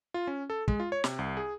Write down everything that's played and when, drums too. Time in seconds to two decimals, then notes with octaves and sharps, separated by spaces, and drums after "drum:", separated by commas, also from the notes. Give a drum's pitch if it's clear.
0.14 F4
0.27 C#4
0.50 A4
0.68 G#3, drum: kick
0.80 F4
0.92 C#5
1.04 C3, drum: snare
1.19 C2
1.37 G#4